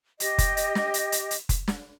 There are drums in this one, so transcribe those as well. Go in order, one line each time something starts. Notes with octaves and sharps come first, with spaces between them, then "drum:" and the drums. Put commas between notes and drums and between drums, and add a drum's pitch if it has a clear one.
G4 D#5, drum: hi-hat
drum: kick F1, hi-hat
drum: hi-hat
drum: snare
drum: hi-hat
drum: hi-hat
drum: hi-hat
drum: kick F1, hi-hat
drum: snare